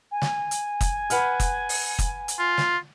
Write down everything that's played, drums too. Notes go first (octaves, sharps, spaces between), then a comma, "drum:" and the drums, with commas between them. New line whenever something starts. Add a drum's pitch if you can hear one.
G#5
drum: snare
drum: hi-hat
drum: kick, hi-hat
B4 F#5 F6, drum: hi-hat
drum: kick, hi-hat
drum: open hi-hat
drum: kick, hi-hat
drum: hi-hat
F4
drum: snare